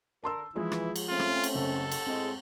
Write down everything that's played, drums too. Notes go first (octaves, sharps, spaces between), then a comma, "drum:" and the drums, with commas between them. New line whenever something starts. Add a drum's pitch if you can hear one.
D3 A#4 A5 C6 E6
E3 F3 G#3 E4 G#4
drum: rim click
drum: cymbal
A3 C4 C#4 F4
drum: rim click
drum: cymbal
F#1 A4
drum: cymbal
A2 G#3 C4